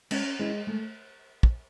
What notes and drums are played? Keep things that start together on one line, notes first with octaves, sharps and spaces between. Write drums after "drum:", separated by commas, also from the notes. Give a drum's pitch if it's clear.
G#3 C#4, drum: cymbal
G#3 C#4 E4 B4
G#3 A3
drum: kick